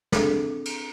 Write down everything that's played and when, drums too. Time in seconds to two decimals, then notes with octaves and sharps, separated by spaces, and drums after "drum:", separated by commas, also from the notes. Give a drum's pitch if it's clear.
0.12 C4 D4 G#4 A4, drum: snare
0.65 drum: cymbal